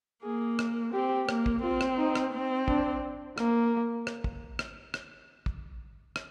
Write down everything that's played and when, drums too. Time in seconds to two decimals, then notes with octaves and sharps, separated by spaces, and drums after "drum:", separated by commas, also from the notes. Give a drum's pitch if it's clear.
0.23 A#3 G#4
0.59 drum: rim click
0.94 C4 G4
1.29 A#3, drum: rim click
1.46 drum: kick
1.63 C4 F4
1.81 drum: rim click
1.98 D#4
2.16 drum: rim click
2.33 C4
2.68 D4, drum: kick
3.38 A#3, drum: rim click
4.07 drum: rim click
4.24 drum: kick
4.59 drum: rim click
4.94 drum: rim click
5.46 drum: kick
6.16 drum: rim click